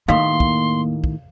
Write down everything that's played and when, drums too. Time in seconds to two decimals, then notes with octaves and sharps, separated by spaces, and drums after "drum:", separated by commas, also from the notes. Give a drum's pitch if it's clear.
0.08 D#2 A2 D#3 A#3 F5 C6
0.40 drum: kick
1.04 drum: kick